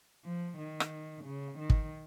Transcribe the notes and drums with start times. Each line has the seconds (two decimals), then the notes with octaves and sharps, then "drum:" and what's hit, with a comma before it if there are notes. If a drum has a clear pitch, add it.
0.25 F3
0.58 D#3
0.80 drum: rim click
1.25 C#3
1.59 D#3
1.70 drum: kick